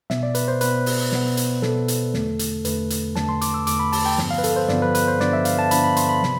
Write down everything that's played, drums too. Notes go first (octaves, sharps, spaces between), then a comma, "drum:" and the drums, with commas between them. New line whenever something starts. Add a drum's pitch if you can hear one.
B2 B3 E5, drum: snare
D5
B4, drum: hi-hat
C5
B2 B3 B4, drum: hi-hat
drum: open hi-hat
B2 B3, drum: snare
drum: hi-hat
B2 B3 A4, drum: snare
drum: hi-hat
E2 D3 A3, drum: snare
drum: hi-hat
E2 D3 A3 B4, drum: hi-hat
drum: hi-hat
E2 D3 A3 A5, drum: snare
C6
D6, drum: hi-hat
E6
E2 D3 A3 D6, drum: hi-hat
B5
A5, drum: open hi-hat
G5
G2 D3 F3 B3, drum: snare
F5
B4
A4, drum: hi-hat
C5
G2 D3 F3 B3 D5, drum: snare
B4
B4, drum: hi-hat
C5
G2 D3 F3 B3 D5, drum: snare
E5
F5, drum: hi-hat
A5
G2 D3 F3 B3 B5, drum: hi-hat
B5
C6, drum: hi-hat
B5
C3 F3, drum: snare